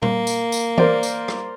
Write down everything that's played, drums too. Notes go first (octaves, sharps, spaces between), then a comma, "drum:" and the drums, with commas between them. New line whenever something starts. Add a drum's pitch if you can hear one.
A#3, drum: tom
drum: tambourine
drum: tambourine
A#4 C5 D5, drum: tom
drum: tambourine
drum: rim click